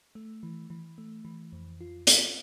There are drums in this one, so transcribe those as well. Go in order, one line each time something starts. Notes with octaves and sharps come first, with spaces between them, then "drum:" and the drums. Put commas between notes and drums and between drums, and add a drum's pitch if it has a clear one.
A3
E3
E3
A3
E3
F2
F4
F4, drum: hi-hat